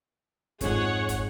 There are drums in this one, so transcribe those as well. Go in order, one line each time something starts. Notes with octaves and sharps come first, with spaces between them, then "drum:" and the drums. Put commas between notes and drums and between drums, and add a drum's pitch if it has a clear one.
F2 G#2 G#4 C#5 F#5, drum: kick, hi-hat
drum: kick, hi-hat